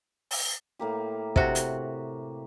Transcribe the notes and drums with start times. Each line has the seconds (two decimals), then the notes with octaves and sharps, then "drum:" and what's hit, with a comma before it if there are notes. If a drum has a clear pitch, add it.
0.31 drum: open hi-hat
0.79 A2 A#3 G4
1.36 C3 F#4, drum: kick
1.55 drum: hi-hat